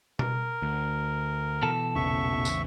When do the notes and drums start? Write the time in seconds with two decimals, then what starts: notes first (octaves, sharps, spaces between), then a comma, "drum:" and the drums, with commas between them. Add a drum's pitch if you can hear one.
0.19 A#4, drum: tom B2
0.62 D2
1.62 B2 E3 A4
1.96 A#1 E2 C#3 E5 C#6
2.45 drum: tambourine